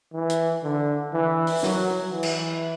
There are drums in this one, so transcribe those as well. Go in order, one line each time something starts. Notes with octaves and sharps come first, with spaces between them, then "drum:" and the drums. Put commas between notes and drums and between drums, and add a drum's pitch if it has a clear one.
E3
drum: hi-hat
D3
E3
drum: open hi-hat
F#3, drum: snare
E3
drum: cymbal